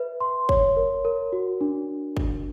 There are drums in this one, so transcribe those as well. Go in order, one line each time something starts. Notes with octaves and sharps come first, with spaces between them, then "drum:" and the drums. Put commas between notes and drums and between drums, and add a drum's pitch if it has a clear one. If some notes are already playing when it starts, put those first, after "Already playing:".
Already playing: B4 E5
C6
C#5, drum: kick
A#4
A#4
F#4
D4
drum: kick